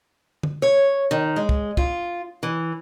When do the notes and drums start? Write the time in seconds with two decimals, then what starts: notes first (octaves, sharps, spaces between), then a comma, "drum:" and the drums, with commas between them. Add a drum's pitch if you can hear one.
0.43 drum: tom D3
0.62 C#5
1.11 D#3
1.36 G#3
1.49 drum: kick
1.77 F4, drum: kick
2.43 E3